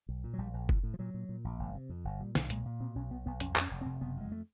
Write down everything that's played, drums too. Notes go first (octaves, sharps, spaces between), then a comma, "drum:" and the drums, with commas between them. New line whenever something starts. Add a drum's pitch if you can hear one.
B1
A#2
F#3
A#1 G3
A#1
A2, drum: kick F#1
A2
F3
A#2 F#3
A#2
A#2
A#1
G1
C3
F2
G1
A#2 G3
B1, drum: snare
A#2 G#3, drum: hi-hat
A#2
B2 C4
B1 C#4
B1 B3
B1 B3
F2 C#4, drum: hi-hat
F2, drum: clap
C#4
F1
C4
C3
F#1 B3
F2 G#3
A3